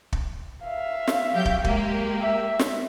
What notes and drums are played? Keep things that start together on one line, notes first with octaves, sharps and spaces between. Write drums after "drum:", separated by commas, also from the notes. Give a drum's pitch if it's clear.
drum: kick
E5 F5
drum: snare
F#3 G4 G6
drum: kick
G#3 A#3 G4, drum: kick
E5
drum: snare